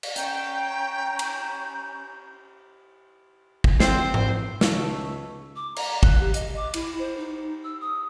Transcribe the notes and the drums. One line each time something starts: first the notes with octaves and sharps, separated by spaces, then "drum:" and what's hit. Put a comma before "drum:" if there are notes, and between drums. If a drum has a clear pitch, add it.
drum: cymbal
C#4 G5 A#5 G6, drum: hi-hat
drum: cymbal
drum: kick
C4 C5, drum: snare
drum: tom G#2
C#2 A3 D#4 C#5 E5 E6 C#7, drum: snare
D6
A#5, drum: cymbal
F#6, drum: kick
G4
D#5, drum: hi-hat
D6
E4, drum: cymbal
C5
D#4
E6
D#6